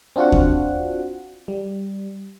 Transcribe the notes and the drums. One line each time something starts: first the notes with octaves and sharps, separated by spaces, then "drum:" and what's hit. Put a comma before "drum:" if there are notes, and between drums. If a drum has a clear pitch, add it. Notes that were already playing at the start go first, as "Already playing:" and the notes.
C4 D4 F4 F#4 F#5
drum: kick D#2
G3